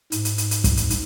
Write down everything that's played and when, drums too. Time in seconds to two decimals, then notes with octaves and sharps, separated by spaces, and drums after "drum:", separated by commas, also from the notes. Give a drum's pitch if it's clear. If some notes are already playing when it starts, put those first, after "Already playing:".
0.12 G#2, drum: hi-hat
0.25 drum: hi-hat
0.38 drum: hi-hat
0.51 drum: hi-hat
0.64 drum: kick, hi-hat
0.77 drum: hi-hat
0.90 drum: hi-hat